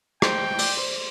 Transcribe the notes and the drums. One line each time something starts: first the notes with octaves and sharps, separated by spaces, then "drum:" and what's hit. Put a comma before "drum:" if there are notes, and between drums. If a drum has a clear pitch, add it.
C5 G5, drum: rim click
D5, drum: open hi-hat
C5